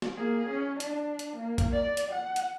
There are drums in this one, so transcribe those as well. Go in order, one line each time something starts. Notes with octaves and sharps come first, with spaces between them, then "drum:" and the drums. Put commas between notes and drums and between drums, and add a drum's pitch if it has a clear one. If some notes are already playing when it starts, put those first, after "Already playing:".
drum: snare
A#3 G#4
C#4
D4, drum: hi-hat
drum: hi-hat
A#3
drum: kick, hi-hat
D5
drum: hi-hat
F#5
drum: hi-hat